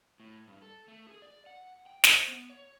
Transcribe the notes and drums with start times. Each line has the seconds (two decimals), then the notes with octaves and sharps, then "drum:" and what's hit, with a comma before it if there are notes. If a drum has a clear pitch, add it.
0.20 A2
0.48 G2
0.62 A4
0.88 A3
1.09 G#4
1.22 D5
1.46 F#5
1.86 G5
2.04 C5, drum: snare
2.28 B3
2.50 C#5